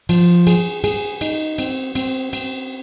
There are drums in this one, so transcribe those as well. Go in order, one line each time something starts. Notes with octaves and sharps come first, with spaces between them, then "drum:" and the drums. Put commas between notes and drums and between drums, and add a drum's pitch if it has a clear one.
F3, drum: cymbal
G#4, drum: cymbal
G#4, drum: cymbal
D#4, drum: cymbal
C4, drum: cymbal
C4, drum: cymbal
C4, drum: cymbal